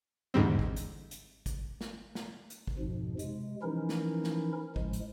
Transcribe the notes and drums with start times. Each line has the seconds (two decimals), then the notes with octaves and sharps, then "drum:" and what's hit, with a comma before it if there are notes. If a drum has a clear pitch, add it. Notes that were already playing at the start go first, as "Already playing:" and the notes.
0.34 E2 G#2 D3 G3 C4
0.59 drum: kick
0.76 drum: hi-hat
1.11 drum: hi-hat
1.46 drum: kick, hi-hat
1.81 drum: snare
2.15 drum: snare
2.50 drum: hi-hat
2.67 drum: kick
2.79 F2 G#2 B2 F3
3.19 C3 G#3, drum: hi-hat
3.62 E3 F3 C#4 D#4 E4 A#4
3.89 drum: snare
4.24 drum: snare
4.76 A2 F3 G#3, drum: kick
4.93 drum: hi-hat